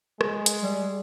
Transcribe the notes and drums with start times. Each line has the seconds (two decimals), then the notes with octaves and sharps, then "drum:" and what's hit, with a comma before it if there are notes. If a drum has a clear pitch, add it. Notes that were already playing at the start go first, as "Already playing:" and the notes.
0.21 G#3, drum: rim click
0.46 drum: hi-hat
0.63 G3